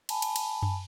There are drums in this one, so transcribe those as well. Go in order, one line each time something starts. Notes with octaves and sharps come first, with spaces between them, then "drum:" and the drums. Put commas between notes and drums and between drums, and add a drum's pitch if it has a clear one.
G#5 A5 B5, drum: cymbal
drum: cymbal
drum: cymbal
drum: tom F#2